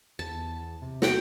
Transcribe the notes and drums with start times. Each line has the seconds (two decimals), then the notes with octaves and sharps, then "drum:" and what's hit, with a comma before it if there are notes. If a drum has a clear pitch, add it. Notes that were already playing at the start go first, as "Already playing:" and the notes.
0.19 E2 A5
0.82 C3
1.02 F#4 F#5 G5, drum: snare